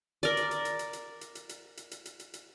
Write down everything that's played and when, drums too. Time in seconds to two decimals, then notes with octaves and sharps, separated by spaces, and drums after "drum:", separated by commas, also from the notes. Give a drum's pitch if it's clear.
0.23 A#4 D5, drum: hi-hat
0.37 drum: hi-hat
0.51 drum: hi-hat
0.65 drum: hi-hat
0.79 drum: hi-hat
0.93 drum: hi-hat
1.21 drum: hi-hat
1.35 drum: hi-hat
1.49 drum: hi-hat
1.77 drum: hi-hat
1.91 drum: hi-hat
2.05 drum: hi-hat
2.20 drum: hi-hat
2.34 drum: hi-hat